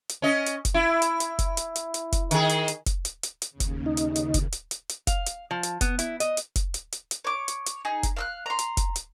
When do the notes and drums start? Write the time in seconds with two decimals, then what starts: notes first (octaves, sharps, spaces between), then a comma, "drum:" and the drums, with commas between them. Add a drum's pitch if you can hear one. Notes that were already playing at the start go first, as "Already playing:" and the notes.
0.09 drum: hi-hat
0.22 C#4 D#5
0.46 drum: hi-hat
0.65 drum: kick F1, hi-hat
0.74 E4
1.02 drum: hi-hat
1.20 drum: hi-hat
1.39 drum: kick F1, hi-hat
1.57 drum: hi-hat
1.76 drum: hi-hat
1.94 drum: hi-hat
2.12 drum: kick F1, hi-hat
2.31 D#3 G#4, drum: hi-hat
2.49 drum: hi-hat
2.68 drum: hi-hat
2.86 drum: kick F1, hi-hat
3.05 drum: hi-hat
3.23 drum: hi-hat
3.42 drum: hi-hat
3.51 D#2 C#3
3.60 drum: kick F1, hi-hat
3.86 D#4
3.97 drum: hi-hat
4.16 drum: hi-hat
4.34 drum: kick F1, hi-hat
4.52 drum: hi-hat
4.71 drum: hi-hat
4.89 drum: hi-hat
5.07 F5, drum: kick F1, hi-hat
5.26 drum: hi-hat
5.51 F3
5.63 drum: hi-hat
5.81 B3, drum: kick F1, hi-hat
5.99 E4, drum: hi-hat
6.20 D#5, drum: hi-hat
6.37 drum: hi-hat
6.56 drum: kick F1, hi-hat
6.74 drum: hi-hat
6.92 drum: hi-hat
7.11 drum: hi-hat
7.24 C#5 D6
7.48 drum: hi-hat
7.66 drum: hi-hat
7.85 D#4 G#4
8.03 drum: kick F1, hi-hat
8.16 F5 E6 F#6
8.46 A#5 C6
8.59 drum: hi-hat
8.77 drum: kick F1, hi-hat
8.96 drum: hi-hat